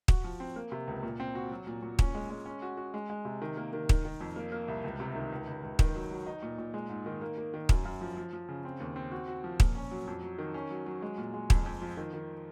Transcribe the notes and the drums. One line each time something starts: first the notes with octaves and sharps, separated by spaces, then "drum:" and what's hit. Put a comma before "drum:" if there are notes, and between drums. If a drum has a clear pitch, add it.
F#4, drum: kick
F3
C4
A#3
C3
C#2
A#2
C4
F#4
F#3
A#2
A#2
C#4, drum: kick
G#3
G#3
C#4
F#4
F#4
G#3
G#3
C3
D#3
A#3
D#3
D#3, drum: kick
D#3
F2
A#3
A#3
C2
C#2
C3
D#3
C#2
C#2
C#2
D#3, drum: kick
F#3
F#3
D#4
A#2
A#2
G#3
G#2
D#3
A#3
A#3
D#3
F#2, drum: kick
F#2
F3
F3
F3
C#3
C4
D#2
C4
F#4
F#4
F3
A#2, drum: kick
C#4
F#3
F2
F#3
D#3
C#4
F#3
F#3
G#3
A#2
G#3
F2, drum: kick
F2
F3
D#3
D#3